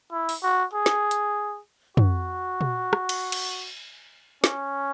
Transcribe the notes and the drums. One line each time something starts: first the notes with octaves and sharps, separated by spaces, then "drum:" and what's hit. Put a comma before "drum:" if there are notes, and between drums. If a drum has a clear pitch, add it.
E4
drum: open hi-hat
F#4
G#4
drum: snare
drum: hi-hat
F#4, drum: tom
drum: tom
drum: rim click
drum: cymbal
drum: cymbal
C#4, drum: snare